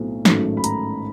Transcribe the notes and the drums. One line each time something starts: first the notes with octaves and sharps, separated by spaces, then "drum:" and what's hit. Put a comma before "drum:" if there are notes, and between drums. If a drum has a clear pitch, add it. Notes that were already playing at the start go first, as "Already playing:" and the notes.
Already playing: B1 A2 F#3 A3 C4
A1 G#2 D#3 F#3 A3, drum: snare
B5
A#5, drum: hi-hat